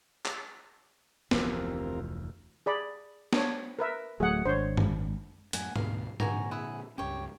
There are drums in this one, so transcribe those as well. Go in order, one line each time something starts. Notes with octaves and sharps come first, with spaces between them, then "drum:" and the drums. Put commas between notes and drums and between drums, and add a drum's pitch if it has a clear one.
drum: clap
F1 D2 C3 E3 F4 A#4, drum: snare
G#4 D5 B5
D4 C#5, drum: snare
A#4 B4 E5
D1 F#3 A3 G#4 F#5
G#1 D4 C5 C#5
drum: tom
F#2 A2 F#5 G#5, drum: hi-hat
D2 B2 F5, drum: tom G#2
A#2 D3 F#4 G#5 A#5, drum: tom G#2
E4 G#4 F#5
C#2 G2 C#4 G4 C#5